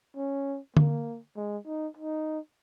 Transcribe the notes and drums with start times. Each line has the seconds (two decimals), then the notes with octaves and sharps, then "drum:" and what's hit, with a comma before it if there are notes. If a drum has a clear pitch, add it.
0.17 C#4
0.77 A#3, drum: tom D3
1.36 G#3
1.66 D#4
1.97 D#4